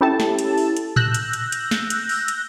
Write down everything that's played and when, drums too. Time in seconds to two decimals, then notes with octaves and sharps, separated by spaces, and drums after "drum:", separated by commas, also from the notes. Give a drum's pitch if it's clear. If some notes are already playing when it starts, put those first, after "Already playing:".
0.01 C#4 E4 G4 A4 A5
0.20 drum: snare
0.39 drum: hi-hat
0.58 drum: open hi-hat
0.77 drum: hi-hat
0.96 E6 F#6 G6 A#6, drum: tom A2
1.14 drum: hi-hat
1.33 drum: hi-hat
1.52 drum: hi-hat
1.71 drum: snare
1.90 drum: hi-hat
2.09 drum: open hi-hat
2.28 drum: hi-hat